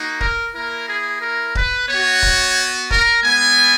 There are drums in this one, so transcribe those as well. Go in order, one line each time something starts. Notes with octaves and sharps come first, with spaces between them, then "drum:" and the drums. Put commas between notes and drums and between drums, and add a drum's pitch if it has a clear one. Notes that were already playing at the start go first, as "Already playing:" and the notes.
Already playing: A#3 D#4 F#4
A#4, drum: kick C#1
A#3 E4 A#4
G#4
A#4
B4, drum: kick C#1
B3 F#4 C#5
drum: kick C#1
A#4, drum: kick C#1
G#3 B3 E4 G#5